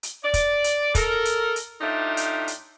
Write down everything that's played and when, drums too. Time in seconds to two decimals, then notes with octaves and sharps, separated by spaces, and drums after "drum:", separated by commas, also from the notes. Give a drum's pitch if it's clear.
0.03 drum: hi-hat
0.24 D5
0.34 drum: kick, hi-hat
0.64 drum: hi-hat
0.95 A4 A#4, drum: kick, hi-hat
1.25 drum: hi-hat
1.56 drum: hi-hat
1.81 A2 A3 D4 D#4 F4 G4
2.17 drum: hi-hat
2.48 drum: hi-hat